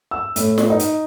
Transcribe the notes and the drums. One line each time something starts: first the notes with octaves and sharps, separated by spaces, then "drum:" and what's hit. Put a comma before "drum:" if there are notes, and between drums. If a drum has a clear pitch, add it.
E6
A2, drum: hi-hat
drum: snare
D#4
drum: hi-hat